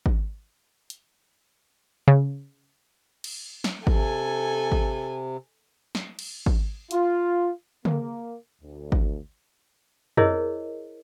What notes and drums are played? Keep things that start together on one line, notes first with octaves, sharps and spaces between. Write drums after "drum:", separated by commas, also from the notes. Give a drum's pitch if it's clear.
drum: kick G#1
drum: hi-hat
C#3
drum: cymbal
drum: snare
C3 A4 G#5, drum: kick G#1
drum: kick G#1
drum: snare
drum: cymbal
drum: kick G#1
F4, drum: hi-hat
A#3, drum: tom C#3
D2
drum: kick G#1
E4 G#4 A#4 C5 C#5 D#5, drum: tom F2